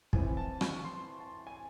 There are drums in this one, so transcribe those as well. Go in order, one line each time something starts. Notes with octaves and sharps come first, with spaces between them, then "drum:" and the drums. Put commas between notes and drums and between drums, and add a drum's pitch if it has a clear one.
A2 E3 C4 G#5, drum: kick
A5
C#6, drum: rim click
C6
A5
G#5